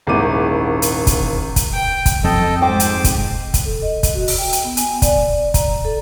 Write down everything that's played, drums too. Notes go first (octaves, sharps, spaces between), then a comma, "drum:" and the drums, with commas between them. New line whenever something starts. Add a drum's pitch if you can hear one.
D#1 G#1 G#3 E4 D6 D#7
drum: hi-hat
drum: kick, hi-hat
drum: kick, hi-hat
G5
drum: kick, hi-hat
F2 F3 C4 A4 D#5 G5
G#2 C5 G5 D6
drum: hi-hat
drum: kick, hi-hat
drum: kick, hi-hat
A4
D#5
drum: kick, hi-hat
F#4
drum: open hi-hat
G5
drum: hi-hat
B3
G#5, drum: hi-hat
D5, drum: kick, hi-hat
A#5, drum: kick, hi-hat
A4